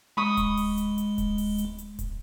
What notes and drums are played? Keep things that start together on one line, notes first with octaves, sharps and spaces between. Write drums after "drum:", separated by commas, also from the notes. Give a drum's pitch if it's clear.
G#3 B5 C#6 D#6
drum: kick D1, hi-hat
drum: open hi-hat
drum: hi-hat
drum: hi-hat
drum: kick D1, hi-hat
drum: open hi-hat
drum: hi-hat
drum: hi-hat
drum: kick D1, hi-hat